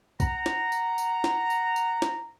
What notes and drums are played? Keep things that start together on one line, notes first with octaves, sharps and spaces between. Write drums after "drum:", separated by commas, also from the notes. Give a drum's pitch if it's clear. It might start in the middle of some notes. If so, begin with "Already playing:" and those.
F#5 A#5, drum: kick B1, tambourine
drum: snare
drum: tambourine
drum: tambourine
drum: snare
drum: tambourine
drum: tambourine
drum: snare